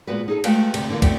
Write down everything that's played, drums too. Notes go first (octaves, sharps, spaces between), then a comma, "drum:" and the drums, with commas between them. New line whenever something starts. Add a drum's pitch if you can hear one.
A#2 G#3 B3 F#4 B4
D#4 G#4 A4
G#3 A3 F#4 B4 F5 G5, drum: cymbal
D2 C3, drum: cymbal
D3 E3 G3 A#3
F#3 A3 B3 C4 D4, drum: kick, cymbal